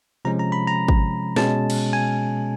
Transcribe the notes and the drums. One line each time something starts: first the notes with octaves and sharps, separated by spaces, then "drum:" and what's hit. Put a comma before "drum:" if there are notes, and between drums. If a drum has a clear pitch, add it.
C3 F3 G#3 C#4 A#5
A#5
B5
A#5
drum: kick
B2 G#3 C#4 A5, drum: snare
drum: cymbal
G#5